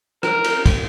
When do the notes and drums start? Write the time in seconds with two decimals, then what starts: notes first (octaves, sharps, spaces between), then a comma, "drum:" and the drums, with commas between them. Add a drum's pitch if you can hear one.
0.23 A#4, drum: rim click
0.44 drum: cymbal
0.66 drum: kick, cymbal